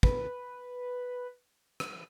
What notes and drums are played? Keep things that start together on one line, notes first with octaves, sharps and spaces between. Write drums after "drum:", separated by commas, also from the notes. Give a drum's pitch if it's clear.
B4, drum: kick
drum: rim click